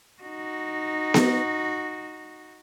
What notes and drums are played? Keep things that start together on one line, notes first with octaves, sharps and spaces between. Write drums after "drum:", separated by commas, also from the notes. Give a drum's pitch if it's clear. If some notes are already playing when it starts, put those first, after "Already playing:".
D#4 F#4
drum: snare B3